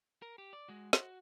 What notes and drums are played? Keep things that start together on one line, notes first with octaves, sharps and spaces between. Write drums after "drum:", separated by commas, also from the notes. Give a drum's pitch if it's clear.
A#4
G4
D5
G#3 F#4
F#4, drum: snare